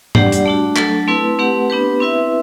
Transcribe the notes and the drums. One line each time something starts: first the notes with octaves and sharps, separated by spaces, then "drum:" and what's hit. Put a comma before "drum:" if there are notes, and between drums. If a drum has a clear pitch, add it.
G3 D4 G4 D5 F#5, drum: tom G#2
drum: hi-hat
A3 D4 F#4
F#3 A3 D4 A4, drum: clap
A3 C4 E4 B4
A3 C4 G4 B4 F#5
B3 D4 G4 B4
C4 E4 B4 E5